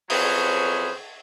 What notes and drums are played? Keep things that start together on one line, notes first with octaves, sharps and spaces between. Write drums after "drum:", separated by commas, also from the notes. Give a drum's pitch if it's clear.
F2 F#3 C#4 G#4 B4 C5, drum: open hi-hat